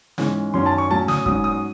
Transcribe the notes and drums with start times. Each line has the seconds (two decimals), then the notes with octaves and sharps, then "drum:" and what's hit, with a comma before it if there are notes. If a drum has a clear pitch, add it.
0.18 G#2 E3 G#3 C#4, drum: snare
0.54 F#2 D#3 F#3 C#4 C6
0.66 A5
0.78 C#6
0.89 A2 F#3 C#4 A5
1.08 D#6, drum: snare
1.26 G#2 F#3 C#4 D#6, drum: kick
1.44 D#6